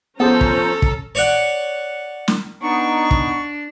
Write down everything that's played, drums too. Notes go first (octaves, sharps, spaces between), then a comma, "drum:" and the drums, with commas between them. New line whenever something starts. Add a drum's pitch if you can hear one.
F3 B3 C#4 G#4 A4 C5 A5 A#5
drum: kick
drum: kick
C#5 D5 F#5
drum: snare
B3 D4 D#4 C#6
drum: kick